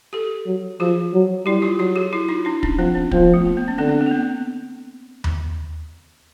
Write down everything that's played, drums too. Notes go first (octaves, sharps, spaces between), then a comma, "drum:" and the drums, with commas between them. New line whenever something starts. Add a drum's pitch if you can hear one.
G4 A4
F#3
F3 F#4 G#4
F#3
G3 E4 F#4
F4 G4
F#3 F4 G4
F#4 G#4
E4 F#4
D#4 F4
D4 E4
C#4 D#4, drum: kick
F3 C4 D4
C#4
F3 B3, drum: kick
A3
A#3
B3
C#4
D3 C4 D4
C4 D4
C4
A#3
B3
drum: tom D#2